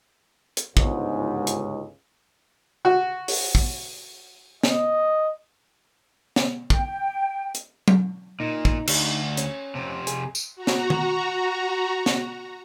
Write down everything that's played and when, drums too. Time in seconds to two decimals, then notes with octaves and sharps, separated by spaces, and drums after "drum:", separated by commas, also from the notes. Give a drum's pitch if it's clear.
0.57 drum: hi-hat
0.77 G1 C#2 G#2, drum: kick
1.47 drum: hi-hat
2.85 F#4
3.28 drum: open hi-hat
3.55 drum: kick
4.63 D#5, drum: snare
6.36 drum: snare
6.70 G5, drum: kick
7.55 drum: hi-hat
7.88 drum: tom F#3
8.40 A#2 D#4
8.65 drum: kick
8.87 D2, drum: cymbal
9.37 C#4, drum: hi-hat
9.75 F2 C3
10.07 G#4, drum: hi-hat
10.35 drum: tambourine
10.55 F#4 A#5
10.67 drum: snare
10.90 drum: tom D#3
12.06 drum: snare